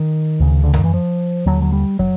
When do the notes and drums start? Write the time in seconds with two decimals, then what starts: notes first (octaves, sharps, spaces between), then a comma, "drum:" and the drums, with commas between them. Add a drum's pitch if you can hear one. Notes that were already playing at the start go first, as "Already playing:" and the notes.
Already playing: D#3
0.40 D2 C#3
0.64 D3
0.74 D#3, drum: tom F#2
0.84 E3
0.94 F3
1.46 D#2 D3 F#3
1.62 F#3
1.72 G3
1.99 F#3, drum: kick